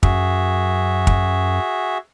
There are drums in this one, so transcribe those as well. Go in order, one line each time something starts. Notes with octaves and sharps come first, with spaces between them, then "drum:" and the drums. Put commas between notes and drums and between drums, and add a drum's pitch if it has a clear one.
F#2 F#4 G#4 E5, drum: kick
drum: kick